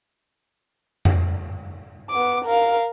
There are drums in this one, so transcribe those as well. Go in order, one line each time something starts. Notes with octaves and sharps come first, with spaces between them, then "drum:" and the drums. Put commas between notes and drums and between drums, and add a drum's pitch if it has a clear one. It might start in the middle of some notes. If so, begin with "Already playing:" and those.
drum: tom F2
B3 D6
A#4 F5